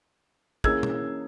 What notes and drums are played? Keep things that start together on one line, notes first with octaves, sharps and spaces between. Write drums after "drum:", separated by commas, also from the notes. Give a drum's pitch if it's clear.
E3 A#3 C#4 G#4 E6 G#6, drum: kick
drum: tom B2